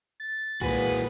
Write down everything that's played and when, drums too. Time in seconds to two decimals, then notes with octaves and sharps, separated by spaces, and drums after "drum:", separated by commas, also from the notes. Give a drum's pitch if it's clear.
0.20 A6
0.61 A#2 E3 F#4 G#4 B4, drum: kick